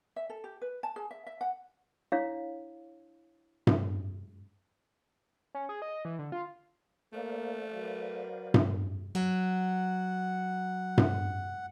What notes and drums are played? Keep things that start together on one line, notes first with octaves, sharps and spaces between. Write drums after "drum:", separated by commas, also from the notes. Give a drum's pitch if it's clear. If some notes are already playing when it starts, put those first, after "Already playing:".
E5
A4
G4
B4
A5
G#4
E5
E5
F#5
D4 E4 C#5 F5
drum: tom G2
C#4
G#4
D#5
E3
D3
F4
A3 A#3 C5 D5 F5
F#3 A#4 B4
drum: tom G2
F#3 F#5
drum: tom G2